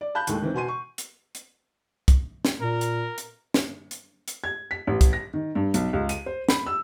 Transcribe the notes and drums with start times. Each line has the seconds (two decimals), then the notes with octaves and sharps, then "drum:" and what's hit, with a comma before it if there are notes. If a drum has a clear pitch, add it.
0.01 D5
0.15 F5 A5 B5 F#6 G6
0.27 D#2 A2 G#3 A3, drum: hi-hat
0.41 D#3 E3 C4
0.54 B2 G#5 C6 D#7
0.68 C#6
0.98 drum: hi-hat
1.35 drum: hi-hat
2.08 drum: kick, hi-hat
2.45 drum: snare
2.61 A#2 A#4
2.81 drum: hi-hat
3.18 drum: hi-hat
3.54 drum: snare
3.91 drum: hi-hat
4.28 drum: hi-hat
4.44 G#6
4.71 B6
4.87 A1
5.01 drum: kick, hi-hat
5.13 A#6
5.33 D#3
5.55 G2
5.74 B1, drum: hi-hat
5.93 C#2
6.09 D#7, drum: hi-hat
6.26 C5
6.49 B5, drum: snare
6.66 E6